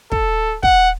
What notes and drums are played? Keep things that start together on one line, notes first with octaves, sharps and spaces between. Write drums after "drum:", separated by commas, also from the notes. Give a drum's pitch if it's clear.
A4, drum: kick
F#5, drum: kick